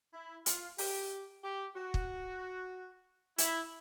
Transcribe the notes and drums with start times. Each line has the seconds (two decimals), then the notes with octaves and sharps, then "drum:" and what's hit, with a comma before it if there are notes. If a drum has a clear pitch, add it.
0.14 E4
0.46 F4, drum: hi-hat
0.78 G4, drum: open hi-hat
1.43 G4
1.75 F#4
1.94 drum: kick
3.38 E4, drum: hi-hat